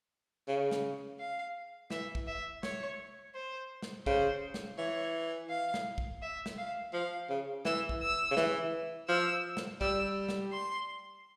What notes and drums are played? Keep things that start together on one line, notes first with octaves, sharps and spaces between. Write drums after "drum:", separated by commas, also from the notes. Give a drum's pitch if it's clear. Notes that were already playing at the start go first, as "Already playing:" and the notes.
C#3
drum: snare
F5
E3 E5, drum: snare
drum: kick
E5
C#5, drum: snare
C5
drum: snare
C#3 C5, drum: kick
drum: snare
E3 C#5
F5
drum: snare
drum: kick
E5
drum: snare
F5
F3 F5
C#3
E3 E6, drum: snare
drum: kick
E6
C#3
E3, drum: snare
F3 E6
drum: snare
G3 E6, drum: kick
drum: snare
C6